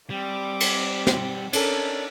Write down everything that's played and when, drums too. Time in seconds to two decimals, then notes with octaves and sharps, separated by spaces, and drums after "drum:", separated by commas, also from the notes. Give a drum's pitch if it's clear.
0.10 G3 C4 D5 D6
0.60 drum: cymbal
1.07 drum: snare
1.53 C#4 D4 A4 A#4 D5, drum: cymbal